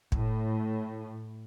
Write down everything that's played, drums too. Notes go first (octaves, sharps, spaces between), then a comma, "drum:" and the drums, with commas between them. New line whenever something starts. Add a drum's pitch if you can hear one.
A2, drum: kick